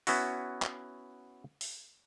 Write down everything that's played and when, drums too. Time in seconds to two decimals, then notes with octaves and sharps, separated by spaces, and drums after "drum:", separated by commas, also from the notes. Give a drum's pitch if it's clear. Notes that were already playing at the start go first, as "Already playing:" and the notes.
0.07 B3 C#4 E4 F#4, drum: open hi-hat
0.62 drum: clap
1.61 drum: open hi-hat